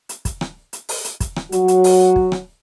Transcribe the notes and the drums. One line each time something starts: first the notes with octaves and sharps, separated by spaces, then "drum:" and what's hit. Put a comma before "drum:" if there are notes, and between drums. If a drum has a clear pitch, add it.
drum: hi-hat
drum: kick, hi-hat
drum: rim click
drum: hi-hat
drum: open hi-hat
drum: hi-hat
drum: kick, hi-hat
drum: rim click
F#3 F#4, drum: hi-hat
drum: hi-hat
drum: open hi-hat
drum: kick
drum: rim click